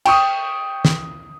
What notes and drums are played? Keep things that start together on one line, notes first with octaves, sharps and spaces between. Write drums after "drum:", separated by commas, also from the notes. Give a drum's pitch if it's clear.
G5 C#6 D#6, drum: cymbal
drum: snare